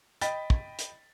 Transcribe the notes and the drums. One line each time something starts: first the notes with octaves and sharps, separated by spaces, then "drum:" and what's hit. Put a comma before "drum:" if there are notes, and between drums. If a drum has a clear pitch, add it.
D#5 G5 B5 A6 B6, drum: hi-hat
drum: kick
drum: hi-hat